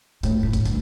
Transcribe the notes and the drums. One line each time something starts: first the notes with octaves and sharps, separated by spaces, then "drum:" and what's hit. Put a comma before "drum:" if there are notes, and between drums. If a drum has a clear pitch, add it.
A2, drum: hi-hat
A2
drum: kick F#1, hi-hat
D2 G2, drum: hi-hat